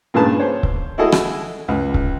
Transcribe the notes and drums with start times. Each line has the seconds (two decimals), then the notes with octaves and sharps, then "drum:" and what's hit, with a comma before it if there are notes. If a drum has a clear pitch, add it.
0.14 G2 A#2 C#3 G#4 B4 A5
0.40 C5 C#5
0.63 drum: kick C#1
0.98 E4 F#4 G#4 A4 D#5
1.12 drum: rim click
1.68 C#2
1.94 drum: kick C#1